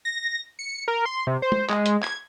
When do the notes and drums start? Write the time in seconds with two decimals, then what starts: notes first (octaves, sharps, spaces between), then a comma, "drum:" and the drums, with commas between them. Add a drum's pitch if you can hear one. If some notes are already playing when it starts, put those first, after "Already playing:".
0.05 A#6
0.59 C#7
0.88 A#4
1.06 C6
1.27 C3
1.42 C5
1.52 drum: tom
1.69 G#3, drum: clap
1.86 drum: hi-hat
2.03 G#6, drum: clap